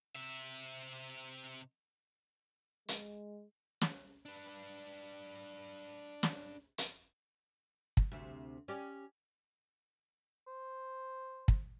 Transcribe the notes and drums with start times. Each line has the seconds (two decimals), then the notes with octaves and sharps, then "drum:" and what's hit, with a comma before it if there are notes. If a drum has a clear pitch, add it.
0.15 C3 E5
2.89 G#3, drum: hi-hat
3.81 drum: snare
4.26 D4 B4
6.23 drum: snare
6.78 drum: hi-hat
7.97 drum: kick
8.12 D2 C3
8.68 C#4 G4 D5
10.48 C5
11.48 drum: kick